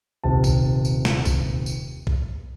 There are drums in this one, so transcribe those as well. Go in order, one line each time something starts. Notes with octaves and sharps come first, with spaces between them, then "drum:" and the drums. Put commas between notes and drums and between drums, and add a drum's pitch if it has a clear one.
D#1 C3 A5
drum: kick A#1, tambourine
drum: tambourine
drum: snare
drum: kick A#1, tambourine
drum: tambourine
drum: kick A#1